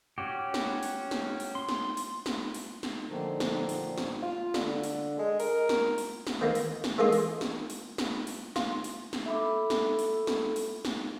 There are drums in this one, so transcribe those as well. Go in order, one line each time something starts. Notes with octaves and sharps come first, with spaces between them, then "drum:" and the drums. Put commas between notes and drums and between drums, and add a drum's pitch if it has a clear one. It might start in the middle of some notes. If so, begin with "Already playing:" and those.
C#4 F#4 G4
drum: snare
drum: open hi-hat
drum: snare
drum: open hi-hat
C6
drum: snare
drum: open hi-hat
drum: snare
drum: open hi-hat
drum: snare
A#2 D3 D#3 F3 A3 A#3
drum: snare
drum: open hi-hat
drum: snare
F4
D3, drum: snare
drum: open hi-hat
G#3
A#4, drum: open hi-hat
drum: snare
drum: open hi-hat
drum: snare
D#3 A#3 B3
drum: open hi-hat
drum: snare
D3 E3 G#3 A#3 F4 D#6
drum: open hi-hat
drum: snare
drum: open hi-hat
drum: snare
drum: open hi-hat
F4, drum: snare
drum: open hi-hat
drum: snare
A4 E5 B5 D6
drum: snare
drum: open hi-hat
drum: snare
drum: open hi-hat
drum: snare